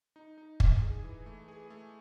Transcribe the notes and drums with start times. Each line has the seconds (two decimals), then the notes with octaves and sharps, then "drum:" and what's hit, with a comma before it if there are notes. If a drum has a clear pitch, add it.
0.16 D#4
0.38 D#4
0.60 D#4, drum: kick
0.82 G#4
1.04 E3
1.26 A3
1.48 G#4
1.70 A3